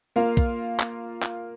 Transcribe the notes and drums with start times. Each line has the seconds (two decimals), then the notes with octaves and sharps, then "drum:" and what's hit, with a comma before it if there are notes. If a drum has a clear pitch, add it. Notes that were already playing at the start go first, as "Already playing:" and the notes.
0.16 A#3 F4 A#4 F5
0.37 drum: kick, hi-hat
0.80 drum: clap
1.22 drum: clap